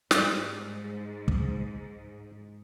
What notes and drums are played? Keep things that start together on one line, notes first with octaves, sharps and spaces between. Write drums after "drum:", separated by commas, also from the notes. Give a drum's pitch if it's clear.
G#2 G3, drum: snare
drum: kick